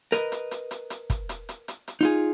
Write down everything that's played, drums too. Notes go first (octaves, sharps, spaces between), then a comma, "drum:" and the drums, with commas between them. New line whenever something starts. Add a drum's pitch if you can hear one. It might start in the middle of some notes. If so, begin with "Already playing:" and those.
A#4 B4 D#5, drum: hi-hat
drum: hi-hat
drum: hi-hat
drum: hi-hat
drum: hi-hat
drum: kick, hi-hat
drum: hi-hat
drum: hi-hat
drum: hi-hat
drum: hi-hat
D#4 F4 G#4